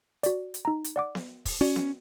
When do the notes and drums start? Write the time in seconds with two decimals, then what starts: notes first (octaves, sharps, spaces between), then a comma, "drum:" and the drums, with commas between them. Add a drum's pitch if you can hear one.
0.23 F#4 D5, drum: hi-hat
0.54 drum: hi-hat
0.65 D#4 A#5
0.84 drum: hi-hat
0.96 D5 F#5 D6
1.15 drum: snare B3
1.45 drum: kick, open hi-hat
1.61 C#4 F#4 D5
1.76 drum: snare B3